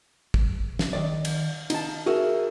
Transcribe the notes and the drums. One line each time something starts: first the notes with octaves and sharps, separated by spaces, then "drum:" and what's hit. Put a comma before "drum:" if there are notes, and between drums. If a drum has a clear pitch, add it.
drum: kick
drum: snare
D#3 D5
drum: cymbal
D#4 A5, drum: cymbal
F#4 G#4 A#4 E5